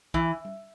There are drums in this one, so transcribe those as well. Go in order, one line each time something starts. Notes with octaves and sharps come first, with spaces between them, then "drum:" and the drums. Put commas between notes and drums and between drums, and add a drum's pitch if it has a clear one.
E3, drum: kick
drum: tom G3